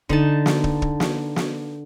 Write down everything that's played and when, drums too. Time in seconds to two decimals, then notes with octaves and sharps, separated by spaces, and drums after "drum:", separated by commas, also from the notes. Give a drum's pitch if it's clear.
0.09 D3 D#4 A5, drum: kick
0.46 drum: snare
0.64 drum: kick
0.82 drum: kick
1.00 drum: snare
1.36 drum: snare